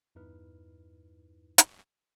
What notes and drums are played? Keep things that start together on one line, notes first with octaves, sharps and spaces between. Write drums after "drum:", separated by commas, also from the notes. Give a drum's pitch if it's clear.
E2 G2 D#4 E4 B4 F6
drum: hi-hat